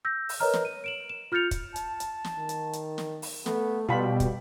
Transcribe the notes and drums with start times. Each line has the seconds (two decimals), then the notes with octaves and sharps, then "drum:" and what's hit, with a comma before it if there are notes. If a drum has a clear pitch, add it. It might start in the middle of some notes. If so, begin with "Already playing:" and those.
0.05 E6 G6 A#6
0.29 drum: open hi-hat
0.40 A#4 B4 C#5 D#5 A#5 F6
0.53 drum: snare
0.65 D#7
0.84 D7 E7 F#7
1.10 E7
1.32 F4 F6 G6 A6 C#7 F7
1.51 drum: kick, hi-hat
1.76 A5, drum: hi-hat
2.00 drum: hi-hat
2.24 drum: snare
2.38 D#3
2.49 drum: hi-hat
2.73 drum: hi-hat
2.98 drum: snare
3.22 drum: open hi-hat
3.46 A3 B3, drum: snare
3.89 B2 G3 F4 G5 A5 B5
4.20 drum: kick, hi-hat